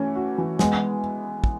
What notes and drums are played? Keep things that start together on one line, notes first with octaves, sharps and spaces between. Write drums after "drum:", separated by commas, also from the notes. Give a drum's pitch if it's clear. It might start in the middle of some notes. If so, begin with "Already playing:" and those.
Already playing: E3 A3 C#4
F#4
E3
G#3 B3, drum: snare
drum: kick